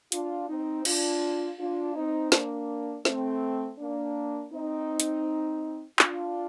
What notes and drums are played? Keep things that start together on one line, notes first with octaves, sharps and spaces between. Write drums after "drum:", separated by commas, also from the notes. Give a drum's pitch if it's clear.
D4 F4, drum: hi-hat
C4 D#4
D4 F4, drum: cymbal
D4 F4
C4 D#4
A#3 D4, drum: snare
A3 C4, drum: snare
A#3 D4
C4 D#4
drum: hi-hat
D4 F4, drum: clap